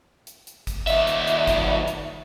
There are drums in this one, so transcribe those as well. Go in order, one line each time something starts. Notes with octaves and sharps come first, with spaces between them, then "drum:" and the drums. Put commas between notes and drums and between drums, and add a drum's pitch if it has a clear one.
drum: hi-hat
drum: hi-hat
drum: kick G#1, hi-hat
D#2 E5, drum: hi-hat
drum: hi-hat
drum: hi-hat
drum: kick G#1, hi-hat
drum: hi-hat